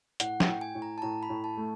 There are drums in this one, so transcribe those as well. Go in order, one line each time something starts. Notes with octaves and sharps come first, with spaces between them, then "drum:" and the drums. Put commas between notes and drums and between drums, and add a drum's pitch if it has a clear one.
A2 F#5, drum: hi-hat
G5, drum: snare
A2
G#5
A2
A#5
A5
A2 A#5
B5
A2
A5
A3